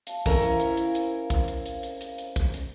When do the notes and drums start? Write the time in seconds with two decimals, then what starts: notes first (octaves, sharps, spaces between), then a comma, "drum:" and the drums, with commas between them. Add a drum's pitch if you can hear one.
0.07 F5 A5, drum: hi-hat
0.26 C#4 E4 A#4 C5 F5, drum: kick A#1, hi-hat
0.42 drum: hi-hat
0.60 drum: hi-hat
0.77 drum: hi-hat
0.95 drum: hi-hat
1.30 drum: kick A#1, hi-hat
1.48 drum: hi-hat
1.66 drum: hi-hat
1.83 drum: hi-hat
2.01 drum: hi-hat
2.18 drum: hi-hat
2.36 drum: kick A#1, hi-hat
2.54 drum: hi-hat